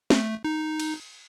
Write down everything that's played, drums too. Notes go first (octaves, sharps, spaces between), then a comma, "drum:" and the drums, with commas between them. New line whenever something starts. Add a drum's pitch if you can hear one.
A3, drum: snare
D#4
drum: cymbal